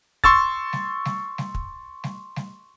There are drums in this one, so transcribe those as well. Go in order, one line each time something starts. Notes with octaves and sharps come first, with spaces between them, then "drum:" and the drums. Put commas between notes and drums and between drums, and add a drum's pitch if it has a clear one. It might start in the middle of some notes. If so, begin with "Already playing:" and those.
C6 C#6 E6 A6, drum: kick
drum: snare
drum: snare
drum: snare
drum: kick
drum: snare
drum: snare